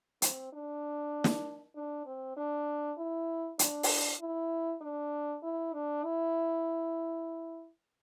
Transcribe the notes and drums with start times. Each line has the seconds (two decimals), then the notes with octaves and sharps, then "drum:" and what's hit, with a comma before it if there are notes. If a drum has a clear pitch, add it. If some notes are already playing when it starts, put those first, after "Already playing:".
0.22 C4, drum: hi-hat
0.53 D4
1.24 drum: snare
1.75 D4
2.06 C4
2.37 D4
2.98 E4
3.59 D4, drum: hi-hat
3.83 drum: open hi-hat
4.20 E4
4.81 D4
5.43 E4
5.73 D4
6.04 E4